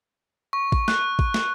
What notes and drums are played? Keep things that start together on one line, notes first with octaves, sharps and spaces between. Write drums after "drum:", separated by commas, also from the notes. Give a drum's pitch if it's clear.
C#6
drum: kick A1
F#6, drum: snare
drum: kick A1
drum: snare